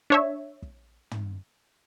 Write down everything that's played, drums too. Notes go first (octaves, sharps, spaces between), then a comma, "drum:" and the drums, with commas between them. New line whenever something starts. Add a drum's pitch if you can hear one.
D4 C#5 E5
drum: kick
drum: tom